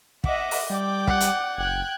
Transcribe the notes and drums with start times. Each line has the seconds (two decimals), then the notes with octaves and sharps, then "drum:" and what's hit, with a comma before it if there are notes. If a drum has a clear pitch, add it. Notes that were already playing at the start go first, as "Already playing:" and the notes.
0.24 D#5 E5 F#5 D6, drum: kick
0.51 drum: open hi-hat
0.70 G3 D5 G5 D6
1.07 F#5, drum: kick
1.20 drum: hi-hat
1.58 F#1 G5 F#6 G#6